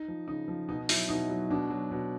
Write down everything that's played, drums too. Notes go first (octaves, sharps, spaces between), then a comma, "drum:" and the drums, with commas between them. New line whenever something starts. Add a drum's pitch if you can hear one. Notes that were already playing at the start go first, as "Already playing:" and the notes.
Already playing: D#4
F3
C#3 D#4
F3
B2 D#4
F#3 E4, drum: open hi-hat
B2 D#4
F#3
B2 D4
F#3
B2